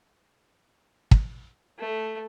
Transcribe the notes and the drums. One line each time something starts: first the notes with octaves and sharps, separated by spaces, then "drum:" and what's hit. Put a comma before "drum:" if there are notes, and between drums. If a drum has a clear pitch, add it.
drum: kick
A3